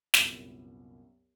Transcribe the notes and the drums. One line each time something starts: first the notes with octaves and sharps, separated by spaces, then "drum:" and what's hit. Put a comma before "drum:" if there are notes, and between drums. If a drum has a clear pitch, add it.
C2 F#2 A#2 B3, drum: snare